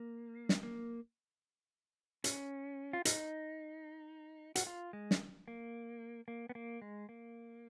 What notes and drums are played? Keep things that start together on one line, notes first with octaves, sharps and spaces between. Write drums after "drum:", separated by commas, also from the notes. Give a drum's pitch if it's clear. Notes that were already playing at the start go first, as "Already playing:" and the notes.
Already playing: A#3
drum: snare
A#3
C#4, drum: hi-hat
F4
D#4, drum: hi-hat
F#4, drum: hi-hat
F4
G#3
drum: snare
A#3
A#3
B3
A#3
G#3
A#3